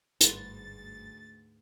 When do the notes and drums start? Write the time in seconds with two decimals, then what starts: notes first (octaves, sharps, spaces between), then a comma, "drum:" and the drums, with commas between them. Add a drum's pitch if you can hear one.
0.21 G1 D2 G#2 G3 B4 C6 A6, drum: hi-hat